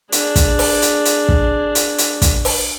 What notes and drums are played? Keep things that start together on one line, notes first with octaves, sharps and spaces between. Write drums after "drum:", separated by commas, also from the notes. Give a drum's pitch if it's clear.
D4 G#4, drum: hi-hat
drum: kick, hi-hat
drum: open hi-hat
drum: hi-hat
drum: hi-hat
drum: kick
drum: hi-hat
drum: hi-hat
drum: kick, hi-hat
drum: open hi-hat